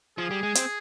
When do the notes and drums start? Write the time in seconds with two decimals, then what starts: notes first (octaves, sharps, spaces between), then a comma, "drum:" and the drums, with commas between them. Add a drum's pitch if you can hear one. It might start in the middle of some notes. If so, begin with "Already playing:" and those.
0.18 F3 G#4
0.31 G3
0.43 G#3
0.55 C4, drum: hi-hat